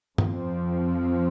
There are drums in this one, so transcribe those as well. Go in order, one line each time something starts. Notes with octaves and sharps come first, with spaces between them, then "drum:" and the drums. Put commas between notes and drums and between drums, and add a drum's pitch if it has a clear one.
F2 F3 C4, drum: tom G2